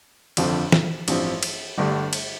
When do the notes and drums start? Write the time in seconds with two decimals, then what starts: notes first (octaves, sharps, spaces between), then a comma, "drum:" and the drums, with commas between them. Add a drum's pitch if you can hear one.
0.37 G1 F2 D3 F3 C4, drum: cymbal
0.72 drum: snare
1.08 A1 G2 F3 C4, drum: cymbal
1.43 drum: cymbal
1.78 G1 G2 D3 A3
2.13 drum: cymbal